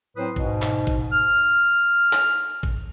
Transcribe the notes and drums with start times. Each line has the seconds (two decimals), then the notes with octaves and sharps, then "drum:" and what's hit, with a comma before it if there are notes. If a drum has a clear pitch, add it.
0.17 A2 F#3 C4 B4 C5 D#6
0.36 G#2 B2, drum: kick
0.62 drum: clap
0.87 drum: kick
1.12 F6
2.13 drum: clap
2.63 drum: kick